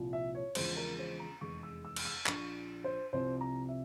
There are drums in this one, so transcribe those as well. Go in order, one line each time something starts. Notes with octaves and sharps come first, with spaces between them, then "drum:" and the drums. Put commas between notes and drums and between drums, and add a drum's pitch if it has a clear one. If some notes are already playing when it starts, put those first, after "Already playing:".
Already playing: C2 A#2 F3
E5
C#5
E1 E2 C#3 F3 G#3 C5, drum: cymbal
A#4
C5
A#5
F1 E2 E3 G#3 C#6
E6
E6
F6, drum: cymbal
E6
A#1 A#2 F3 C#6, drum: clap
C5
C2 C3 F3 C5
A#5
E5